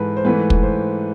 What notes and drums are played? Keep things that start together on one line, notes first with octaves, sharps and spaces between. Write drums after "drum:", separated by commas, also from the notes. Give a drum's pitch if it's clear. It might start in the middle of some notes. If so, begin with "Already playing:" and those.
Already playing: G#2 E3 G#3 A4 B4
C5
G#2 E3 A3 B4
drum: kick
C5